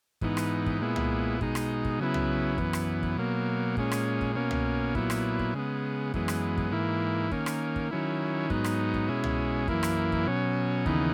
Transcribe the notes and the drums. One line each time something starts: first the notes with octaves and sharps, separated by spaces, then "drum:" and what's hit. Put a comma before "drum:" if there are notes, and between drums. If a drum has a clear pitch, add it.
G#2 E3 B3 D#4, drum: kick
drum: rim click
drum: kick
A#2 G#3 B3 E4
drum: tom
B2 G#3 D#4, drum: kick
drum: rim click
drum: kick
C#3 F#3 B3 E4
drum: tom
F#2 E3 B3, drum: kick
drum: rim click
drum: kick
B2 F#3 A#3
A#2 G#3 C#4, drum: kick
drum: rim click
drum: kick
B2 A#3 C#4
drum: tom
A#2 F#3 B3 E4, drum: kick
drum: rim click
drum: kick
C#3 G#3 B3
F#2 E3 G#3 B3, drum: kick
drum: rim click
drum: kick
G#2 E3 A#3 E4
D#3 A#3 C#4, drum: kick
drum: rim click
drum: kick
D#3 F#3 C#4 E4
G#2 F#3 B3 D#4, drum: kick
drum: rim click
drum: kick
B2 G#3 C#4 E4
drum: tom
F#2 E3 A#3 E4, drum: kick
drum: rim click
drum: kick
B2 F#3 C#4
D#2 C#3 E3 B3 D#4, drum: kick